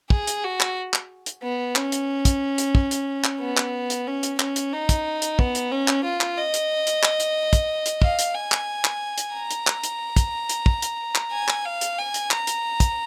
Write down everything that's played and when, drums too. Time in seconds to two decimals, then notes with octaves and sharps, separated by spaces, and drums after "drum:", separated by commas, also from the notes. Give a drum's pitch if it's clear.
0.10 G#4, drum: kick
0.27 drum: hi-hat
0.44 F#4
0.60 drum: clap
0.93 drum: clap
1.26 drum: hi-hat
1.43 B3
1.76 C#4, drum: clap
1.92 drum: hi-hat
2.25 drum: kick, hi-hat
2.58 drum: hi-hat
2.75 drum: kick
2.91 drum: hi-hat
3.24 drum: clap
3.40 B3
3.57 drum: clap
3.90 drum: hi-hat
4.07 C#4
4.23 drum: hi-hat
4.40 C#4, drum: clap
4.56 drum: hi-hat
4.73 D#4
4.89 drum: kick, hi-hat
5.22 drum: hi-hat
5.39 B3, drum: kick
5.55 drum: hi-hat
5.71 C#4
5.88 drum: clap
6.04 F4
6.21 drum: clap
6.37 D#5
6.54 drum: hi-hat
6.87 drum: hi-hat
7.03 drum: clap
7.20 drum: hi-hat
7.53 drum: kick, hi-hat
7.86 drum: hi-hat
8.02 F5, drum: kick
8.19 drum: hi-hat
8.35 G#5
8.52 drum: clap
8.85 drum: clap
9.18 drum: hi-hat
9.33 A#5
9.51 drum: hi-hat
9.67 drum: clap
9.84 drum: hi-hat
10.16 drum: kick, hi-hat
10.49 drum: hi-hat
10.66 drum: kick
10.82 drum: hi-hat
11.15 drum: clap
11.32 G#5
11.48 drum: clap
11.65 F5
11.81 drum: hi-hat
11.98 G#5
12.14 drum: hi-hat
12.31 A#5, drum: clap
12.47 drum: hi-hat
12.80 drum: kick, hi-hat